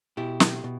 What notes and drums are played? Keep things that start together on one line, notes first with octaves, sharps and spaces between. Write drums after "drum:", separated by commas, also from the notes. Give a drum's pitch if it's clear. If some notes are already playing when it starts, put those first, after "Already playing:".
B2 E4 G4
drum: snare
B2